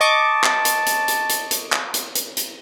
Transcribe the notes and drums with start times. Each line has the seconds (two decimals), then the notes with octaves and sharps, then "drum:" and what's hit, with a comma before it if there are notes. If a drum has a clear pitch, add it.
0.01 D#5 A5 C#6 D6
0.43 drum: clap
0.65 drum: hi-hat
0.86 drum: hi-hat
1.08 drum: hi-hat
1.29 drum: hi-hat
1.51 drum: hi-hat
1.72 drum: clap
1.94 drum: hi-hat
2.15 drum: hi-hat
2.37 drum: hi-hat